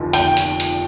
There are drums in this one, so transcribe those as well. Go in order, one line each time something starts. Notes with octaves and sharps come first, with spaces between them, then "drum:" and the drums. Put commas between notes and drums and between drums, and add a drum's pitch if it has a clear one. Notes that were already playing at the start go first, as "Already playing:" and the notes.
Already playing: F1 D#2 D3 F3
G5, drum: hi-hat
drum: hi-hat
drum: hi-hat